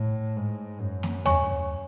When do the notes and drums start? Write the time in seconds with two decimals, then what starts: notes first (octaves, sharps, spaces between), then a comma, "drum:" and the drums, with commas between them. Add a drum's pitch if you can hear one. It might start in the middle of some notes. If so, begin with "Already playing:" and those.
Already playing: A2
0.37 G#2
0.80 F#2
1.03 drum: snare
1.25 C#5 G#5 C#6, drum: tom D#2